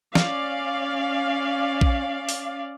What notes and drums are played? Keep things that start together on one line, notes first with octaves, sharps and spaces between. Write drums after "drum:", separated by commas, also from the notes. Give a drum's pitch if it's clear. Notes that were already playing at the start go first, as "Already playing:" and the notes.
C#4 D5 F5, drum: snare
drum: kick A#1
drum: open hi-hat